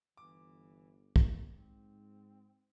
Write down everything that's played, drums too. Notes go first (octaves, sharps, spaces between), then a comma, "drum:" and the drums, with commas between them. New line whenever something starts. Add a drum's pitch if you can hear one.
G1 E3 D6
drum: kick
G#2 C4